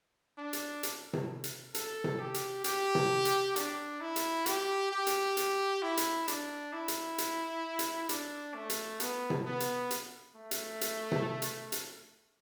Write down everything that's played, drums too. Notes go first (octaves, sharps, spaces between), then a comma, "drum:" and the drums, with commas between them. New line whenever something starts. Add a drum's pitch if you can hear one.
D4
drum: hi-hat
drum: hi-hat
drum: tom C3
drum: hi-hat
A4, drum: hi-hat
drum: tom C3
G4
drum: hi-hat
G4, drum: hi-hat
drum: tom C3
drum: hi-hat
D4, drum: hi-hat
E4
drum: hi-hat
G4, drum: hi-hat
G4
drum: hi-hat
drum: hi-hat
E4
drum: hi-hat
D4, drum: hi-hat
E4
drum: hi-hat
drum: hi-hat
drum: hi-hat
D4, drum: hi-hat
A3
drum: hi-hat
B3, drum: hi-hat
drum: tom C3
B3
drum: hi-hat
drum: hi-hat
A3
drum: hi-hat
drum: hi-hat
drum: tom C3
drum: hi-hat
drum: hi-hat